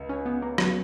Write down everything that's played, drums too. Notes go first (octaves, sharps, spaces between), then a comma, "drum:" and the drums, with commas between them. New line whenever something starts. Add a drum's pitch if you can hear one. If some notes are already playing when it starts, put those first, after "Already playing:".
Already playing: C#2
C#4
B3
A#3
F#3, drum: rim click